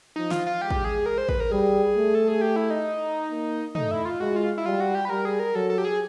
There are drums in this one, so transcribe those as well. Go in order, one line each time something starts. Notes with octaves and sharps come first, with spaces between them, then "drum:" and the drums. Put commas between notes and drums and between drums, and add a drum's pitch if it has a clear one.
F3 D#4
F4, drum: snare
F4
G#3 G4
drum: kick
G#4
A#4
C5
B4, drum: kick
A#4
G3 G#4
A3
A4
G#4
G4
E4
D#4
A#3
A3 D#4, drum: tom
E4
F4
G#3 F#4
F4
E4
G3 F4
F#4
G4
B4
G3 A#4
G#4
A#4
F#3 A4
A4
G4
G#4